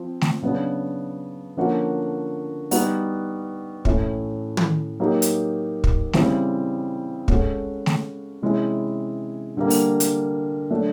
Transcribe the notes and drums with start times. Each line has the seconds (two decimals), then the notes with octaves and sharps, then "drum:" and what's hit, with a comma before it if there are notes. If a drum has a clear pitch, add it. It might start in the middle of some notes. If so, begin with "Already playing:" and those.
Already playing: F3 C4
0.21 drum: snare A3
0.42 C#3 F#3 B3 D4 F#4
1.57 D3 F3 A#3 C#4 F#4
2.71 G3 B3 D#4 F#4, drum: open hi-hat
3.85 A2 E3 A3 C#4, drum: kick
4.57 drum: tom
5.00 F#3 A#3 D#4 G4
5.22 drum: hi-hat
5.84 drum: kick
6.13 C#3 E3 G3 C4, drum: snare A3
7.28 G#3 C#4 F#4 A4, drum: kick
7.86 drum: snare A3
8.42 C3 E3 G#3 C#4 E4
9.57 D3 G3 A#3
9.70 drum: open hi-hat
10.00 drum: hi-hat
10.70 D3 F#3 A3 D4